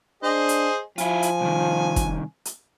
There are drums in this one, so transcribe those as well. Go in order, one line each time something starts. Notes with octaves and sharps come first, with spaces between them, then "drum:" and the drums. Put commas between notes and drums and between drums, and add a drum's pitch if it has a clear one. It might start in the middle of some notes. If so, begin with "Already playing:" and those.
D4 G#4 C5 D#5
drum: hi-hat
F3 E4 F4 G#5, drum: hi-hat
drum: hi-hat
C2 D#3
drum: kick, hi-hat
drum: hi-hat